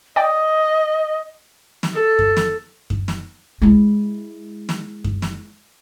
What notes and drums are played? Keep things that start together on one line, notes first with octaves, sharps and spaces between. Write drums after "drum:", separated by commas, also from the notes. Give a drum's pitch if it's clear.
D5 D#5 G5
drum: snare
A4
drum: kick F#2
drum: snare
drum: kick F#2
drum: snare
G#3 E4
drum: snare
drum: kick F#2
drum: snare